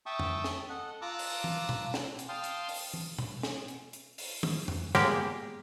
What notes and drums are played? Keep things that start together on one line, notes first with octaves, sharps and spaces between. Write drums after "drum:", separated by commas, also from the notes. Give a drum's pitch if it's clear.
E5 G5 A5 C#6 D#6
drum: tom F2
drum: snare
A4 D#5 F#5
F4 A5 A#5 D6 E6 F#6
drum: open hi-hat
drum: tom
drum: tom B2
drum: snare
drum: hi-hat
F5 G5 A5 C6 D#6 F6
drum: hi-hat
drum: open hi-hat
drum: tom
drum: tom B2
drum: snare
drum: hi-hat
drum: hi-hat
drum: open hi-hat
drum: tom
drum: tom F2
G#3 A#3 B3 G4 A#4 G5, drum: snare